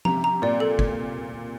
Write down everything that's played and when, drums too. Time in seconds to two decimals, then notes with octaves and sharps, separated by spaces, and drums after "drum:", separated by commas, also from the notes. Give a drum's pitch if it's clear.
0.05 C3 A#5, drum: tom F3
0.24 A#5
0.42 A#2 D5
0.60 A4
0.79 drum: kick